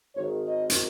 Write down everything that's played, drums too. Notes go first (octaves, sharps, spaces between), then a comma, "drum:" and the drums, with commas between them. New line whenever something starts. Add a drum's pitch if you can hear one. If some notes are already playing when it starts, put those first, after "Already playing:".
G#1 G#2 D#3 C#5
D#5
drum: hi-hat